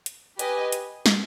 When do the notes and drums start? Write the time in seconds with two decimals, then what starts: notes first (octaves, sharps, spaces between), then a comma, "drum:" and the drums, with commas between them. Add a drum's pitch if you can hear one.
0.06 drum: hi-hat
0.39 G4 B4 D#5 G#5, drum: hi-hat
0.72 drum: hi-hat
1.06 drum: snare